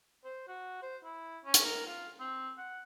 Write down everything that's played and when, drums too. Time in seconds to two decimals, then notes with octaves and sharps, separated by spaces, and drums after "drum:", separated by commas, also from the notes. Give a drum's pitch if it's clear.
0.25 C5
0.48 F#4
0.82 C5
1.04 E4
1.45 C#4
1.54 drum: hi-hat
1.64 A#4
1.86 F4
2.20 C4
2.58 F#5